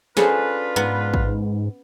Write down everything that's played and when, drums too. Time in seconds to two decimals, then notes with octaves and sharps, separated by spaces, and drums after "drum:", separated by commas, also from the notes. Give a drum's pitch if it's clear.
0.17 C#4 D4 F4 G#4 A4 B4 C5, drum: snare
0.76 G#2 B3 A#4
1.14 drum: kick A1